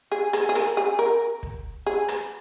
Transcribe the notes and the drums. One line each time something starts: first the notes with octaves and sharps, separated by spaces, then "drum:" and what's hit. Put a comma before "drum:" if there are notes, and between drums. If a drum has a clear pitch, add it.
G#4
G#4, drum: rim click
G#4
A#4, drum: rim click
G#4
A#4
drum: kick
G#4
drum: rim click